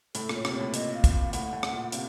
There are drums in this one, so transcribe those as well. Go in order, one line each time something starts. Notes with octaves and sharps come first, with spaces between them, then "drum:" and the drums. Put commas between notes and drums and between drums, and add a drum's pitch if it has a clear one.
A2 A4, drum: hi-hat
A#2, drum: rim click
C#5
C3, drum: rim click
A2 C#5
A#2 D#5, drum: hi-hat
F5
drum: kick, hi-hat
F5
A2 F#5, drum: hi-hat
A2
drum: rim click
A#2
C3 F5, drum: hi-hat